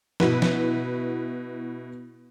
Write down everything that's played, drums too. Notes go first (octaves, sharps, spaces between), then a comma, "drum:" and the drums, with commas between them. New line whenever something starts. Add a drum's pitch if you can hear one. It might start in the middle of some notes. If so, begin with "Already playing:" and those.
B2 E4 F#4 B4, drum: snare
drum: snare